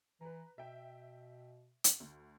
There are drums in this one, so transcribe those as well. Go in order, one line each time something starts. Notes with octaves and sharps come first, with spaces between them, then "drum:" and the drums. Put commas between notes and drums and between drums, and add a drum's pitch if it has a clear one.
E3 B4 A#5
B2 E5 G5
drum: hi-hat
D2